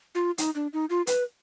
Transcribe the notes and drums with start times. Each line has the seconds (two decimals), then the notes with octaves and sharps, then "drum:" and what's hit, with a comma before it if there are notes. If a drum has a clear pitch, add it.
0.15 F4
0.38 D#4, drum: hi-hat
0.55 D4
0.73 D#4
0.90 F4
1.07 B4, drum: hi-hat